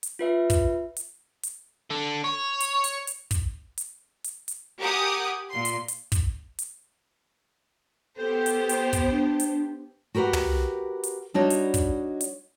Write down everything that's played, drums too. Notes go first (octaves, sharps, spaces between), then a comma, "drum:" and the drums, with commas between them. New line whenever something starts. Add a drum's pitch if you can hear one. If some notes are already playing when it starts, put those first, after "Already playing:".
drum: hi-hat
F4 B4 E5
drum: kick, hi-hat
drum: hi-hat
drum: hi-hat
D3
C#5
drum: hi-hat
drum: hi-hat
drum: hi-hat
drum: kick, hi-hat
drum: hi-hat
drum: hi-hat
drum: hi-hat
G4 A#4 F#5 G#5 D6 D#6
A#2 C6
drum: hi-hat
drum: hi-hat
drum: kick, hi-hat
drum: hi-hat
B3 G4 A4 C5
drum: hi-hat
drum: hi-hat
drum: kick, hi-hat
D4
drum: hi-hat
F#4 G4 A#4 B4 F#5
drum: tom
drum: hi-hat
G3 D4 D#4 F#4 C#5 D#5
drum: hi-hat
drum: kick, hi-hat
drum: hi-hat